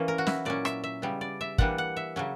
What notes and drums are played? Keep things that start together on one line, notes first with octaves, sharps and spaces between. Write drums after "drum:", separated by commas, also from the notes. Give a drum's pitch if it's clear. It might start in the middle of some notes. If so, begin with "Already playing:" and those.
Already playing: E3 A#3 C#4
A#4
F#4
E4, drum: snare
A#2 F#3 C#4 D5
E5, drum: rim click
E5
C#3 G3 B3
D5
E5
E3 G3 A#3 D4 F#5, drum: kick
F#5
E5
C#3 F#3 C#4